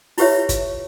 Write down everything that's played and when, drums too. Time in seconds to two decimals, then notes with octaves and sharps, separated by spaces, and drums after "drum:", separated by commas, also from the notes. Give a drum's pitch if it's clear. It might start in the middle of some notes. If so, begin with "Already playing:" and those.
0.18 E4 F4 G4 B4 C#5 E5, drum: open hi-hat
0.49 drum: kick, hi-hat